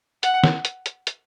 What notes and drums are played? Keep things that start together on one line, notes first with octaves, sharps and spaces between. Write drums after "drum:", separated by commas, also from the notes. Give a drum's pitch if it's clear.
F#5, drum: hi-hat
drum: snare
drum: hi-hat
drum: hi-hat
drum: hi-hat